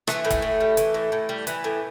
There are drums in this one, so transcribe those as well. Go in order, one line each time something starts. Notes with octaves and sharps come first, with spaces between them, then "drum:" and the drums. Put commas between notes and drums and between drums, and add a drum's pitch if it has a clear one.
E3 A3, drum: rim click
A2
A3, drum: kick F#1, hi-hat
A2
G3
E3, drum: hi-hat
A2
A2
G3
E3 B3, drum: hi-hat
A2